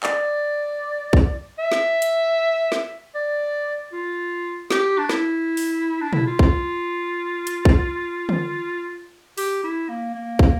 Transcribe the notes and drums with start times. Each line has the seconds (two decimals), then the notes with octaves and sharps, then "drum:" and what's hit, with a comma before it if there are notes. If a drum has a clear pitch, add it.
0.03 D5, drum: clap
1.13 drum: kick
1.58 E5
1.72 drum: snare
2.02 drum: hi-hat
2.72 drum: snare
3.15 D5
3.93 F4
4.71 G4, drum: snare
4.98 D4
5.09 E4, drum: snare
5.57 drum: open hi-hat
6.01 D4
6.13 E4, drum: tom
6.27 F4
6.39 drum: kick
7.47 drum: hi-hat
7.65 drum: kick
8.29 drum: tom
9.38 G4, drum: open hi-hat
9.63 E4
9.89 A#3
10.15 A#3
10.39 drum: kick